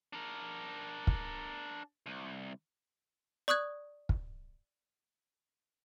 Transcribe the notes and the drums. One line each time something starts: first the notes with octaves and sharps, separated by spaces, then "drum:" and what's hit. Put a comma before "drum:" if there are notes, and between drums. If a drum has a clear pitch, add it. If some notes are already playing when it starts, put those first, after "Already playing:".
D4 A#4
drum: kick
C2
D5 C#6 D#6 F#6 G#6
drum: kick